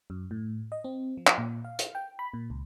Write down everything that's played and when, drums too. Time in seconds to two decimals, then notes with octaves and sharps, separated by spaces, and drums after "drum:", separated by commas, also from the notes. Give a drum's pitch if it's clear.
0.10 F#2
0.31 A2
0.72 D#5
0.84 C4
1.17 F3
1.27 drum: clap
1.38 A#2
1.65 F5
1.79 drum: hi-hat
1.95 G5
2.19 B5
2.34 A#2
2.50 C#2